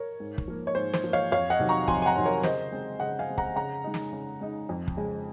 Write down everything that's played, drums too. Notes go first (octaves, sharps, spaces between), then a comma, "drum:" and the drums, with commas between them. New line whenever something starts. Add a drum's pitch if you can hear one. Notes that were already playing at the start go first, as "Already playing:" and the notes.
Already playing: A#4 C#5
G#2
drum: kick
F3 A#3
C#5
G#2 C5
C5, drum: snare
F3 A#3
C#5 F5
F2 C#5 F5
D#5 F#5
C3 D#3 F#3
A#5 C#6
F2 G#5 C6, drum: kick
G#5
F#5 A#5
C3 D#3 F#3
A#4 C#5
C#3 C5 D#5, drum: snare
G#3 C4
C#3 D#5 F#5
F5 G#5
G#3 C4
F#5 A#5, drum: kick
C#3 F#5 A#5
G#3 D#4
drum: snare
C#3
G#3 D#4
F2
drum: kick
C#3 G#3